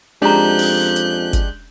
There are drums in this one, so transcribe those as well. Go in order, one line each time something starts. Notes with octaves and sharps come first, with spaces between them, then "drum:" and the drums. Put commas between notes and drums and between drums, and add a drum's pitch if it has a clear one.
F2 G#3 C#4 D4 G4 A#5 F#6 G6
drum: open hi-hat
drum: hi-hat
drum: kick G1, hi-hat